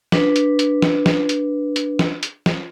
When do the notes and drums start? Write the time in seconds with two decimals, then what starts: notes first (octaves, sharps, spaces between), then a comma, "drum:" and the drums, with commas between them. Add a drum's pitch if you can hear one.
0.12 D4 B4, drum: snare
0.36 drum: hi-hat
0.59 drum: hi-hat
0.82 drum: snare
1.06 drum: snare
1.29 drum: hi-hat
1.76 drum: hi-hat
1.99 drum: snare
2.23 drum: hi-hat
2.46 drum: snare